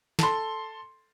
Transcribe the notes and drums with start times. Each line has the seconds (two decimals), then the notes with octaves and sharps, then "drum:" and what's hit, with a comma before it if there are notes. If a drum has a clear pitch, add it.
0.19 A4 C6, drum: snare